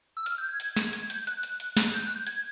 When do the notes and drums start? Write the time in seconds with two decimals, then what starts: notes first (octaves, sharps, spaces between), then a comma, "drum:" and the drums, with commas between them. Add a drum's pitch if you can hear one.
0.17 E6
0.26 F6, drum: hi-hat
0.38 G6
0.49 G#6
0.60 drum: hi-hat
0.77 drum: snare
0.93 G#6, drum: hi-hat
1.10 G6, drum: hi-hat
1.27 F#6, drum: hi-hat
1.43 drum: hi-hat
1.60 drum: hi-hat
1.77 drum: snare
1.94 G6, drum: hi-hat
2.06 F#6
2.16 G6
2.27 G#6, drum: hi-hat